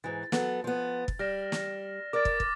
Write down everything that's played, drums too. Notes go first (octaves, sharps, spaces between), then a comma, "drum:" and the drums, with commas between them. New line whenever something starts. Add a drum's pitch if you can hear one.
G#2 E3 A6
F#3 B3 A4, drum: snare
F3 B3
drum: kick
G3 F6 A#6 E7
drum: snare
A#4 D5 D6 F6 A6
drum: kick
drum: kick